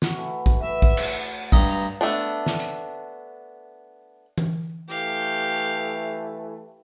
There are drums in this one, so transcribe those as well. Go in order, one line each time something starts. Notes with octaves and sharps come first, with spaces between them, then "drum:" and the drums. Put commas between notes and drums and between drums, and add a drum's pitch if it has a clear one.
F#4, drum: snare
E3 A3
drum: kick A#1
F#4 B4 E5
drum: kick A#1
drum: cymbal
G2 D#5 F5 A#5 B5, drum: kick A#1
A3 B3 D4
drum: snare
drum: hi-hat
drum: tom E3
E3 A3 G4 F5